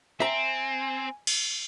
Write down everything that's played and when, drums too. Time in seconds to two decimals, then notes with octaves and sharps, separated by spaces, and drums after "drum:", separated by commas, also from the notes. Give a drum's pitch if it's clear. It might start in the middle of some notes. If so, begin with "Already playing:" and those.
0.20 C4 E5 G#5 A#5
1.27 drum: cymbal